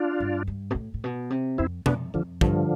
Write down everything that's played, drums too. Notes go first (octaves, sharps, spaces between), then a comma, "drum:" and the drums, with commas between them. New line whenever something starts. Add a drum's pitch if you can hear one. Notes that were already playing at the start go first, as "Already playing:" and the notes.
Already playing: D4 F4
G2
G2
B2
A2
A2
B2
C3
F2 C4 E4
F2 B3 D4, drum: tom B2
F2 D3 F3
G2 D3 F3, drum: kick